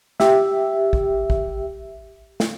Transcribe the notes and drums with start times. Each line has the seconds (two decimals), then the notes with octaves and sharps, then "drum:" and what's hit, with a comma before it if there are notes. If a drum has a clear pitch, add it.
0.20 G4 E5, drum: snare
0.93 drum: kick
1.30 drum: kick
2.40 drum: snare